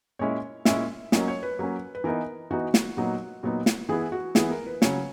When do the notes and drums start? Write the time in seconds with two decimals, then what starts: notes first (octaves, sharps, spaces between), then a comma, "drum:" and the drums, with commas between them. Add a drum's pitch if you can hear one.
0.19 A#2 G#3 C#4 E4 C#5
0.65 A#2 G#3 C#4 E4 E5, drum: snare
1.12 F#3 A#3 C#4 D#5, drum: snare
1.28 C#5
1.43 B4
1.59 F#3 A#3 C#4
1.95 B4
2.04 E3 B3 D#4 A#4
2.51 E3 B3 D#4 F#4
2.74 drum: snare
2.97 A#2 F#3 B3 D#4
3.43 A#2 F#3 B3 D#4
3.66 drum: snare
3.89 E3 B3 E4 G#4
4.12 F#4
4.35 E3 B3 E4 G#4, drum: snare
4.51 A#4
4.67 B4
4.82 C#3 F#3 C#4 C#5, drum: snare